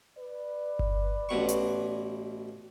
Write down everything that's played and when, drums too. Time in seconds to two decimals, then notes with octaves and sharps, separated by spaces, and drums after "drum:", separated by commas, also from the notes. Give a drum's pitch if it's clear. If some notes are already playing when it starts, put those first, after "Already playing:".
0.18 B4 D5
0.79 drum: kick G1
1.29 A1 B2 C#6
1.49 drum: hi-hat